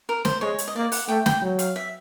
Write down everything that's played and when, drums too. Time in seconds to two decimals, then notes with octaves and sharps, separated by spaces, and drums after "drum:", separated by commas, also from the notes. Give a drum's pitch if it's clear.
0.09 A#4
0.25 C5, drum: snare
0.41 G#3 C#5
0.58 drum: hi-hat
0.68 D#5
0.75 A#3 D5
0.92 F#5, drum: open hi-hat
1.08 A3 G5
1.26 G5, drum: snare
1.42 F#3
1.59 F5, drum: hi-hat
1.76 E5